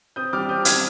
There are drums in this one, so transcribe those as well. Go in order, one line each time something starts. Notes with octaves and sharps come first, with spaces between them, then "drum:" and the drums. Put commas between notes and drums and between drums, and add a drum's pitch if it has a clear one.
C4 D#6 G6
G3 D6 F6
C4 D#6 G6
G3 F6 G#6, drum: hi-hat